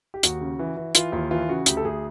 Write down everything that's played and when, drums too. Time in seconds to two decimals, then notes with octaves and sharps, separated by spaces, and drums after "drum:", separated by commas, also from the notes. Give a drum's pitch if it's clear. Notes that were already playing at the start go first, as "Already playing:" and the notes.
0.14 G4
0.23 D#2 F#4, drum: hi-hat
0.41 C#3
0.59 E3
0.77 E3
0.95 E3 F4, drum: hi-hat
1.12 D#2 F4
1.31 E3 F4
1.49 C#3 F#4
1.66 D2 G4, drum: hi-hat
1.77 A4
1.85 D2 G#4